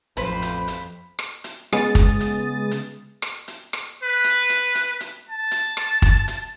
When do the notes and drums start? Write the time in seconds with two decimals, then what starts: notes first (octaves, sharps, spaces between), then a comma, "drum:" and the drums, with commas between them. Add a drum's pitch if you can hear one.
0.17 A1 F2 B4 C5 B5, drum: hi-hat
0.42 drum: hi-hat
0.68 drum: hi-hat
1.19 drum: rim click
1.44 drum: hi-hat
1.72 C#3 G#3 B3 G#4 D#6 A6, drum: rim click
1.95 drum: kick, hi-hat
2.20 drum: hi-hat
2.71 drum: hi-hat
3.22 drum: rim click
3.48 drum: hi-hat
3.73 drum: rim click
4.03 B4
4.24 drum: hi-hat
4.49 drum: hi-hat
4.75 drum: hi-hat
5.00 drum: hi-hat
5.29 A5
5.51 drum: hi-hat
5.77 drum: rim click
6.02 drum: kick, hi-hat
6.28 drum: hi-hat